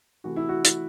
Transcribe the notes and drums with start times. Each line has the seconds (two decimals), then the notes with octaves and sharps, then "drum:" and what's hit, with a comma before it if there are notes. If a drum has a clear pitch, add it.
0.24 C3 E3 A3 F#4
0.36 E4
0.49 F#4
0.65 drum: hi-hat